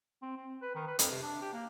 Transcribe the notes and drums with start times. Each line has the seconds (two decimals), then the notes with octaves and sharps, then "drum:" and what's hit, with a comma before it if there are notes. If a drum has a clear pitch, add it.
0.22 C4
0.37 C4
0.62 B4
0.75 D#3
0.87 B4
0.99 F2, drum: hi-hat
1.10 C3
1.22 D4
1.42 G4
1.53 A#3